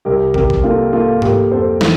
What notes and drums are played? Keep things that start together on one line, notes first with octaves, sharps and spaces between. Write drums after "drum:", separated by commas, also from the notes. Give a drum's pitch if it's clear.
C2 G4 A#4
C3 G4 A#4, drum: kick
drum: kick
A#3 F4 A4
A#3 F4 A4
A3 G4 A#4, drum: tom G#2
F2 A4 C5
E3, drum: snare